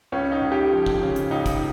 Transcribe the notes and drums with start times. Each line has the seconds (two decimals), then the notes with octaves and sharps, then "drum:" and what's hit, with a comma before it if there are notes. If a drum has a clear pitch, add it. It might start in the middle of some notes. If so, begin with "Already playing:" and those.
0.12 C#2 C#4
0.32 D#4
0.41 C#2
0.52 G4
0.71 F3
0.86 drum: kick
1.01 C#3
1.16 drum: hi-hat
1.31 C#2 D#4
1.46 drum: kick, hi-hat